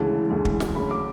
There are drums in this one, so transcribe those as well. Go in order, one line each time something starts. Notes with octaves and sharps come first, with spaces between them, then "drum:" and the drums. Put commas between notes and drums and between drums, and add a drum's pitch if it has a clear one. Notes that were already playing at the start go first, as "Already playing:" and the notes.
Already playing: D2 C#3 E3 G#3 A5
D2 C#3 E3 G#3
drum: kick
drum: snare
D2 C#3 F#3 B5
D6